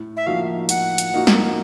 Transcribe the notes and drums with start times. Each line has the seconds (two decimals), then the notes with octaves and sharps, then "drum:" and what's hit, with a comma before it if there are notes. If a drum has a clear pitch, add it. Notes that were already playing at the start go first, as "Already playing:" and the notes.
Already playing: A2
0.17 E5
0.26 F3 A#3 D#4 F#4 F5
0.69 A2 F#5, drum: hi-hat
0.98 drum: hi-hat
1.12 F3 A#3 D#4 F#4
1.27 drum: snare